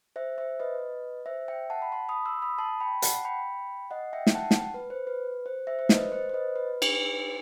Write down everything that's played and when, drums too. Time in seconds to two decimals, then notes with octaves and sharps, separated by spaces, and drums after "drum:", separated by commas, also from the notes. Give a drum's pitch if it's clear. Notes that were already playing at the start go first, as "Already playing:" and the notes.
0.16 C5 E5
0.38 C5 E5
0.60 B4 D#5
1.26 C5 E5
1.48 E5 G5
1.70 F#5 A5
1.82 B5
1.92 A5 C6
2.09 B5 D#6
2.25 C6 E6
2.42 B5 D#6
2.58 A5 C6
2.80 G5 B5
3.02 F#5 A5, drum: hi-hat
3.25 G5 B5
3.91 D#5 F#5
4.13 E5 G5
4.27 G5, drum: snare
4.35 F#5 A5
4.51 drum: snare
4.74 B4
4.90 C5
5.07 B4
5.46 C5
5.67 C5 E5
5.79 C5
5.89 B4 D#5, drum: snare
6.12 C5
6.29 C5
6.33 B4 D#5
6.56 B4
6.82 drum: cymbal